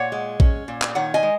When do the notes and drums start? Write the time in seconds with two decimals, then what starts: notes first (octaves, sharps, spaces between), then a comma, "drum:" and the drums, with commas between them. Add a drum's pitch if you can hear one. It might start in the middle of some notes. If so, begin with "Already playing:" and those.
Already playing: A#2 C#5 F#5
0.12 G#3
0.40 C#4, drum: kick
0.68 A#2
0.82 drum: clap
0.95 D#3 C#5 F#5
1.14 D#5 G#5
1.23 G#3